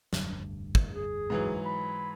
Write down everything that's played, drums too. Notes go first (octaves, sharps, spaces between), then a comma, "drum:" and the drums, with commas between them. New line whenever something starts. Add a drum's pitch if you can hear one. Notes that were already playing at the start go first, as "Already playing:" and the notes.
F1 D2 G2, drum: snare
drum: kick
G#4
G#2 E3 F#3
B5